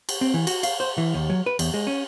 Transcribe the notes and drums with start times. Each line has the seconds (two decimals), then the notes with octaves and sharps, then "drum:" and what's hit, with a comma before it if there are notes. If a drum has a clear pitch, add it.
0.09 drum: cymbal
0.21 C4
0.34 E3
0.47 F#4, drum: cymbal
0.63 F5, drum: cymbal
0.80 C5
0.98 E3
1.14 D#2
1.30 F#3
1.46 B4
1.59 E2, drum: cymbal
1.74 G#3
1.87 C#4